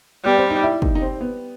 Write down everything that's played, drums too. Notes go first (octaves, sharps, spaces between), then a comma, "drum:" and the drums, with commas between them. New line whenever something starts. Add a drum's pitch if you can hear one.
G3 B3
C4
D#4
E4
D#4, drum: kick
D#4
C4
B3